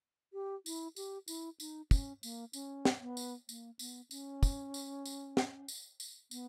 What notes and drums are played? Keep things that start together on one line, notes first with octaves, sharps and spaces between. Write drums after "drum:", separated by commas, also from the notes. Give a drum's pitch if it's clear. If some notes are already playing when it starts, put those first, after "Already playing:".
G4
E4, drum: tambourine
G4, drum: tambourine
E4, drum: tambourine
D#4, drum: tambourine
C#4, drum: kick, tambourine
A#3, drum: tambourine
C#4, drum: tambourine
drum: snare
B3
drum: tambourine
A#3, drum: tambourine
B3, drum: tambourine
C#4, drum: tambourine
drum: kick, tambourine
drum: tambourine
drum: tambourine
drum: snare
drum: tambourine
drum: tambourine
B3, drum: tambourine